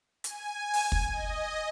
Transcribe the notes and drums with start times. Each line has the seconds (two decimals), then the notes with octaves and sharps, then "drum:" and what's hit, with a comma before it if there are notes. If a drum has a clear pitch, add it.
0.24 G#5, drum: hi-hat
0.73 drum: open hi-hat
0.92 drum: kick
1.11 D#5